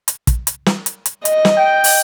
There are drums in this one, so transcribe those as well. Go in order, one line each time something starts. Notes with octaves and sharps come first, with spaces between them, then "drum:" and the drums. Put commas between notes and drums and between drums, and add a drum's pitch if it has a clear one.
drum: hi-hat
drum: kick, hi-hat
drum: hi-hat
drum: snare
drum: hi-hat
drum: hi-hat
D#5, drum: hi-hat
drum: snare
G5
drum: open hi-hat